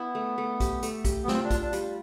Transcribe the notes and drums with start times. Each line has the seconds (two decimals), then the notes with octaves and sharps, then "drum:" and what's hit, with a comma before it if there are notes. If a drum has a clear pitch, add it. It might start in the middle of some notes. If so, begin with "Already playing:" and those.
Already playing: B3 E4
0.15 A3
0.38 A3
0.60 G4, drum: kick, hi-hat
0.83 A3, drum: hi-hat
1.05 G4, drum: kick, hi-hat
1.23 B3
1.28 C4 F4, drum: snare
1.44 D4
1.50 F4, drum: kick, hi-hat
1.62 D4
1.73 G3, drum: hi-hat